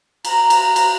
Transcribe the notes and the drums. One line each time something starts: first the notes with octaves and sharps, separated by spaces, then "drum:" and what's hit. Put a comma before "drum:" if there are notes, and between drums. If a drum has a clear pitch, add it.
A#5, drum: cymbal
drum: cymbal
drum: cymbal